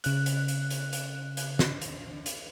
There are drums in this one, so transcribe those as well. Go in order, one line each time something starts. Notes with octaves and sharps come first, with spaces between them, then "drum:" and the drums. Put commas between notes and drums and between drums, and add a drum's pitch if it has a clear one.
C#3 F#6, drum: hi-hat
drum: hi-hat
drum: hi-hat
drum: hi-hat
drum: hi-hat
drum: hi-hat
drum: snare
drum: hi-hat
drum: hi-hat